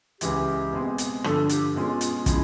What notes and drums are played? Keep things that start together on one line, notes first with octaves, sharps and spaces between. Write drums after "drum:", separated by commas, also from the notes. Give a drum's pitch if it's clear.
C#2 C#3 E3 G#3 G4, drum: hi-hat
B2 G#3 C4
drum: hi-hat
G2 D3 F3 A4, drum: rim click
G4, drum: hi-hat
B2 G#3 C#4 F4
drum: hi-hat
C#3 F3 G#3 E4, drum: kick, hi-hat